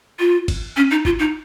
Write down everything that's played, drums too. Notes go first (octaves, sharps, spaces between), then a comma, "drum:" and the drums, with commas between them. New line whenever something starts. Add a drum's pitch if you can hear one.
F4
drum: kick, cymbal
C#4
D#4
F4, drum: kick
D#4